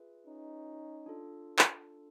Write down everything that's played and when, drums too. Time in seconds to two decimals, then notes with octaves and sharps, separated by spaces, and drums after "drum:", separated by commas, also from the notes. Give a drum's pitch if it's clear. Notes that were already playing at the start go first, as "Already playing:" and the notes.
Already playing: F4 G#4 B4 E5
0.27 C#4 D#4
1.06 D4 F4 A4
1.59 drum: clap